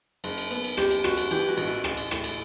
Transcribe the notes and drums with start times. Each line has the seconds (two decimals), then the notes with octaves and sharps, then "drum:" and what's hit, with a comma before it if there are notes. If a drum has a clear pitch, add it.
0.24 F#1, drum: cymbal
0.38 drum: cymbal
0.51 B3, drum: cymbal
0.64 drum: cymbal
0.77 F#1 G4, drum: rim click
0.91 drum: cymbal
1.04 F#1 F#4, drum: rim click
1.17 drum: cymbal
1.31 E3 G4, drum: cymbal
1.48 F#4
1.57 A1, drum: cymbal
1.67 E4
1.84 A1, drum: rim click
1.97 drum: cymbal
2.11 A2, drum: rim click
2.24 drum: cymbal